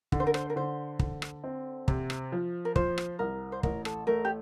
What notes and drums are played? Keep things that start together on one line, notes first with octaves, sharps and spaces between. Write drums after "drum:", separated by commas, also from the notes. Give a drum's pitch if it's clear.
D3, drum: kick
C5
A#4
C5, drum: rim click
A#4
D3 C5
D3, drum: kick
drum: rim click
C4
C3, drum: kick
drum: rim click
F3
A#4
F3 C5, drum: kick
drum: rim click
C2 A#4
C5
A1 A#4, drum: kick
A4, drum: rim click
A3 A#4
G4